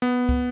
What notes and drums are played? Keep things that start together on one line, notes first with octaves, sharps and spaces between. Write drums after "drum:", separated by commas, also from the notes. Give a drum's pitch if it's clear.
B3
drum: kick